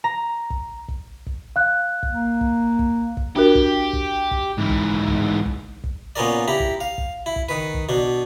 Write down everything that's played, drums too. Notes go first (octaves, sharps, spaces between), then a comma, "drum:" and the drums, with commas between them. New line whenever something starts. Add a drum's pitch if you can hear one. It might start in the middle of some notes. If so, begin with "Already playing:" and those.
A#5
drum: kick
drum: kick
drum: kick
F5 F#6
drum: kick
A#3
drum: kick
drum: kick
drum: kick
D4 F#4 G4 A#4
drum: kick
drum: kick
drum: kick
G#2 E3
drum: kick
drum: kick
drum: kick
drum: kick
A#2 B3 C#4 A#4 D5
E4 G4 A#5
drum: kick
F5
drum: kick
E4
drum: kick
D#3 B4
drum: kick
B2 D4